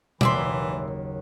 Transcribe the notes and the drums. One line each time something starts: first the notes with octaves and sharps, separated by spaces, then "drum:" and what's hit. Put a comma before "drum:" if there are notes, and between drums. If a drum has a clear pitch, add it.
F#1 D#2 E3 D5 E5 C6, drum: tom B2